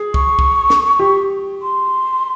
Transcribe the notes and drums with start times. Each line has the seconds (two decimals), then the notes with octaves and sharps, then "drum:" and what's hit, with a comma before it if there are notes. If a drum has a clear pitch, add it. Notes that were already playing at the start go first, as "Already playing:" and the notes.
Already playing: G#4
0.14 C#6, drum: kick C2
0.39 drum: kick C2
0.70 drum: snare
0.99 G4
1.62 C6